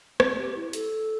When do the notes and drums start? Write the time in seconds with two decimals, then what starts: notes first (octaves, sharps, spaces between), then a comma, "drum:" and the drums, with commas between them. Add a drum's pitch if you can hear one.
0.20 C4, drum: rim click
0.38 G4
0.56 E4
0.73 A4, drum: hi-hat